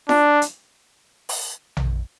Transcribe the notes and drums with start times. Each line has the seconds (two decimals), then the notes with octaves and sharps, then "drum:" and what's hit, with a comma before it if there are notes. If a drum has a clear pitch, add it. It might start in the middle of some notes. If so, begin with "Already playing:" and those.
0.09 D4, drum: snare
0.42 drum: hi-hat
1.29 drum: open hi-hat
1.77 drum: tom A#1